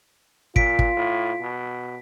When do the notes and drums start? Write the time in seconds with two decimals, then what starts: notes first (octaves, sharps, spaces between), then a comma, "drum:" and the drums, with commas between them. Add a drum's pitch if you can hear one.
0.56 A#2 F4 B6 D7, drum: kick
0.79 drum: kick
0.97 A2
1.41 B2